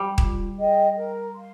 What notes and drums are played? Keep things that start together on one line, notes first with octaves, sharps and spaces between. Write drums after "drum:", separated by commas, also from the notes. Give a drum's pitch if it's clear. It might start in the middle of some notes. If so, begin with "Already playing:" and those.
Already playing: G3
F4, drum: kick D#1
G#4 D#5 G5
A#4
F5 C6